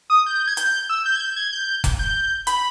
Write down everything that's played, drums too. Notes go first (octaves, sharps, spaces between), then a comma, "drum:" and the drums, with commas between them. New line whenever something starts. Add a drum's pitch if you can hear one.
D#6
G6
G#6
G6, drum: hi-hat
E6
G6
G#6
G6
G#6
G6
drum: kick F1, hi-hat
G6
B5, drum: hi-hat